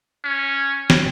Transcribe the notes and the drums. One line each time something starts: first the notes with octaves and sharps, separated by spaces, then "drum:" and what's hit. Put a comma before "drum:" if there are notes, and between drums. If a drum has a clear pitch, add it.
C#4
drum: snare